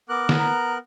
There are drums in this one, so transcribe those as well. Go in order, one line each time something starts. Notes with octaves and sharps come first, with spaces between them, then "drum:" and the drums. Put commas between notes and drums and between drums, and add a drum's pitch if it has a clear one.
B3 A#4 D6 F#6
drum: snare
A#5